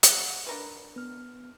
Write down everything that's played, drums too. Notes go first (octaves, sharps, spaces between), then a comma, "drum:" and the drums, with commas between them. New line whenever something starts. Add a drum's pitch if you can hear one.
F#5, drum: hi-hat
D4 A#4 B4
B3 F6